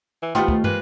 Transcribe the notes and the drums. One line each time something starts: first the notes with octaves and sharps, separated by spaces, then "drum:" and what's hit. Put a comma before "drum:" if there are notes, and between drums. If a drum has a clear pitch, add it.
E3
D#3 A3 B3 F4 G4 C5 G5, drum: hi-hat
drum: kick
G#3 A#3 C4 B4, drum: tom